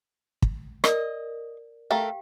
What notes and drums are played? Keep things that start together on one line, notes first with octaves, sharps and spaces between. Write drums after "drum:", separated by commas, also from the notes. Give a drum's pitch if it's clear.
drum: kick
A#4 D5 D#5, drum: rim click
A3 G4 A4 A#4 F5 G5